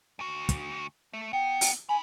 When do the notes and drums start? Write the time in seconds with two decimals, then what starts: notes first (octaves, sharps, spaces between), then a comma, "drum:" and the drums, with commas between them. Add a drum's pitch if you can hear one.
0.19 D2 F#4
0.49 drum: kick, hi-hat
1.13 A3
1.33 B3 G5
1.61 drum: open hi-hat
1.89 D#4 G#5 B5